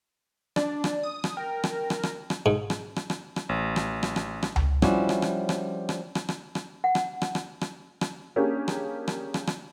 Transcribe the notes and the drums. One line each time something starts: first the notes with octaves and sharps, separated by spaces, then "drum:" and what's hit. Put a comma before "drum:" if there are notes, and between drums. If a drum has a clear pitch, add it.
D4 D5, drum: rim click
drum: rim click
D#6
drum: rim click
A#4 G5
drum: rim click
drum: rim click
drum: rim click
drum: rim click
G#2
drum: rim click
drum: rim click
drum: rim click
drum: rim click
A1
drum: rim click
drum: rim click
drum: rim click
drum: rim click
drum: tom C#2
F3 G3 C#4 D4 E4 F#4, drum: rim click
drum: rim click
drum: rim click
drum: rim click
drum: rim click
drum: rim click
drum: rim click
drum: rim click
F#5
drum: rim click
drum: rim click
drum: rim click
drum: rim click
drum: rim click
A#3 C#4 D4 G4 G#4
drum: rim click
drum: rim click
drum: rim click
drum: rim click